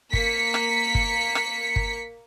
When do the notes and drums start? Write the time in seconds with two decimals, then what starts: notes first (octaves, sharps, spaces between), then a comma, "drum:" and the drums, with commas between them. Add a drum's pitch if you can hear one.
0.13 A#3 B6 C#7, drum: kick G1
0.54 drum: rim click
0.95 drum: kick G1
1.35 drum: rim click
1.76 drum: kick G1